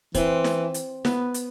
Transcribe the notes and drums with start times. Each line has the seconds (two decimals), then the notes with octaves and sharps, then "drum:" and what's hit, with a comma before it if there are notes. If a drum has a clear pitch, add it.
0.14 E3 C4, drum: kick, hi-hat
0.44 drum: snare E4
0.74 drum: hi-hat
1.05 B3, drum: snare E4
1.34 drum: hi-hat